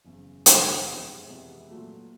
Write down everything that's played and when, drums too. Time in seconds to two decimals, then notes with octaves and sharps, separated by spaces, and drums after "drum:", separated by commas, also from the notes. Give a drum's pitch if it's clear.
0.05 F#1 E2 C#3
0.46 F#1 E2 C#3, drum: hi-hat
0.87 F2 C3 E3 G#3 B3
1.28 F2 C3 E3 G#3 B3
1.70 A#2 F#3 A3